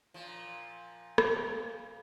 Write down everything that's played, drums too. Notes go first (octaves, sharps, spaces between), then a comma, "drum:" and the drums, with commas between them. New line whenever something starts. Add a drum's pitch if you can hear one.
A#2 F3
drum: rim click